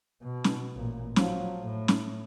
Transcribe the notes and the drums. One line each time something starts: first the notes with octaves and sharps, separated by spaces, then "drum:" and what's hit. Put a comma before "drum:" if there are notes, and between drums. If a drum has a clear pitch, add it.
B2
drum: snare
A1 A#2
F3 F#3, drum: snare
A2
drum: snare